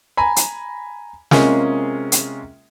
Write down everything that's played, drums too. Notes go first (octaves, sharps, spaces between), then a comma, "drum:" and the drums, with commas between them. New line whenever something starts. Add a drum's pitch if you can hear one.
G#5 A#5 B5
drum: hi-hat
C3 G#3 A#3 C#4 F4 G#4, drum: snare
drum: hi-hat